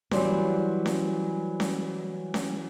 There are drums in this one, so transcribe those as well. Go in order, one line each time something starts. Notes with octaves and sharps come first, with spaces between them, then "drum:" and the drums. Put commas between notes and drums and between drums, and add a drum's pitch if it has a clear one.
E3 F#3 G3 C4, drum: snare C#4
drum: snare C#4
drum: snare C#4
drum: snare C#4